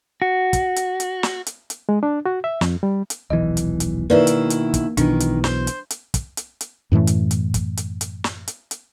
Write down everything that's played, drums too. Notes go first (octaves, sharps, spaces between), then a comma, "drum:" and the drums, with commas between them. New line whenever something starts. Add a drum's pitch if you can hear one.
F#4
drum: kick, hi-hat
drum: hi-hat
drum: hi-hat
drum: snare
drum: hi-hat
drum: hi-hat
G#3
D4
F#4
E5
F2, drum: snare
G3
drum: hi-hat
D#1 B1 E3 D#5
drum: hi-hat
drum: hi-hat
B2 D#3 A#3 E4 A#4 B4 D5
drum: hi-hat
drum: hi-hat
drum: kick, hi-hat
B1 B2 D#3 E3 D4, drum: hi-hat
drum: hi-hat
C5, drum: snare
drum: hi-hat
drum: hi-hat
drum: kick, hi-hat
drum: hi-hat
drum: hi-hat
F#2 A2 E3 A3
drum: hi-hat
drum: hi-hat
drum: kick, hi-hat
drum: hi-hat
drum: hi-hat
drum: snare
drum: hi-hat
drum: hi-hat